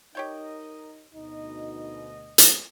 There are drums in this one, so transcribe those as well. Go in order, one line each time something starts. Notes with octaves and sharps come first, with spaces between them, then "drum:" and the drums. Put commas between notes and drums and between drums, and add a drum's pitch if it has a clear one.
D#4 G4 A#4 C#5 D#5 G5
D2 B2 D#4 D#5
drum: hi-hat